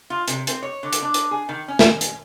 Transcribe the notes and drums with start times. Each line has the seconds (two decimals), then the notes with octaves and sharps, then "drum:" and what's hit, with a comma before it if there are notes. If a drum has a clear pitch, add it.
0.10 F4
0.28 C3, drum: hi-hat
0.47 C4, drum: hi-hat
0.63 C#5
0.83 D3
0.93 drum: hi-hat
1.02 D4
1.14 drum: hi-hat
1.31 G#4
1.49 D#3
1.68 C#4
1.79 drum: snare
2.01 drum: hi-hat